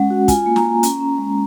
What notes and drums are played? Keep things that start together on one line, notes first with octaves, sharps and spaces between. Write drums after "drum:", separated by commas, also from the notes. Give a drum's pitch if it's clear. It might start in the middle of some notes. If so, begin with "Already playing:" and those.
Already playing: G#3 C#4 F#5
F#4
F4 G#5, drum: kick, hi-hat
A#3
A#5, drum: snare
A#3
C#4, drum: hi-hat
C#4
G#3